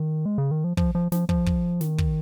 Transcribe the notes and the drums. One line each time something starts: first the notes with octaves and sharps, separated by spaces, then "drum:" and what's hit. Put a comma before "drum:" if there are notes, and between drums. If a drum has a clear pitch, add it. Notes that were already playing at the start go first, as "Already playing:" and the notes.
Already playing: D#3
G#3
C#3
D#3
F3
F3, drum: kick
F3
F3, drum: snare
F3, drum: kick
drum: kick
D#3, drum: snare
drum: kick